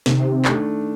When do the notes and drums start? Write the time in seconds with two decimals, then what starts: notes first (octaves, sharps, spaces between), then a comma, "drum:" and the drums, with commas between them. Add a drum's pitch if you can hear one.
0.06 C3 D#3, drum: snare
0.45 A3 D4, drum: clap